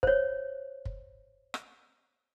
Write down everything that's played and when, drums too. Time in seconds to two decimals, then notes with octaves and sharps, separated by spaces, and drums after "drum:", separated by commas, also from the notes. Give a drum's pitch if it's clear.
0.03 C5 C#5, drum: kick
0.85 drum: kick
1.54 drum: rim click